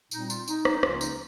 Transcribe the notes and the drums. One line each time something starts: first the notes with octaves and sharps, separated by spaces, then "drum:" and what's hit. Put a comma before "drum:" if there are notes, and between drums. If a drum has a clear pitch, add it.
A#2 G3 C4 D#4, drum: tambourine
F4, drum: tambourine
D#4, drum: tambourine
D#4, drum: rim click
D#4
C#2 C#3 F3 A#3 C#4 F4, drum: rim click
D#4, drum: tambourine